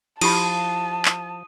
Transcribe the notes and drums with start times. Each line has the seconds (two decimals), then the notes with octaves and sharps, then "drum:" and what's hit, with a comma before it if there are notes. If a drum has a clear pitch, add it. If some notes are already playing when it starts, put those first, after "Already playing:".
0.21 F3 E4 G4 A5 B5 D#6 D#7, drum: cymbal
1.05 drum: clap